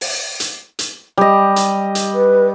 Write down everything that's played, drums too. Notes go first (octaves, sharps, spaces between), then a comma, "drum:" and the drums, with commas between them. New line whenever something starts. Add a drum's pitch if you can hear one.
drum: open hi-hat
drum: hi-hat
drum: hi-hat
G3 D#5
drum: hi-hat
drum: hi-hat
B4